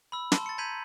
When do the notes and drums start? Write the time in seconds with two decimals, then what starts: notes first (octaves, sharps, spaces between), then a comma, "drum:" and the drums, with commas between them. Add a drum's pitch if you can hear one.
0.12 B5 E6
0.32 A5 C6, drum: snare
0.46 A6 C#7
0.58 A#5 G6 G#6 B6 D#7 F#7